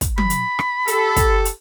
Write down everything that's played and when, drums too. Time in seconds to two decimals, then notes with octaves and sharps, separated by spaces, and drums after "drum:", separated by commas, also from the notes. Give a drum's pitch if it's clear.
0.01 drum: kick, hi-hat
0.18 B5, drum: tom F#3
0.30 drum: hi-hat
0.59 drum: rim click
0.88 G4 A4, drum: hi-hat
1.16 drum: kick, hi-hat
1.45 drum: hi-hat